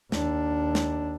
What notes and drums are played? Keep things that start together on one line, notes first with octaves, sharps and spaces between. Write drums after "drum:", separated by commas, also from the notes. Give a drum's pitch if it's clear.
D#2 D4, drum: snare
drum: snare